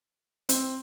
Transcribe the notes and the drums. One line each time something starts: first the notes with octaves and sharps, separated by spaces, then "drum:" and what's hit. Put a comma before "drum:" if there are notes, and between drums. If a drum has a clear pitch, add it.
C4, drum: hi-hat